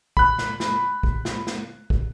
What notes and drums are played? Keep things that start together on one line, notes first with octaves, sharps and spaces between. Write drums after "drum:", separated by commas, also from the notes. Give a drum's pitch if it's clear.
B5 F#6, drum: kick
drum: snare
drum: snare
drum: kick
drum: snare
drum: snare
drum: kick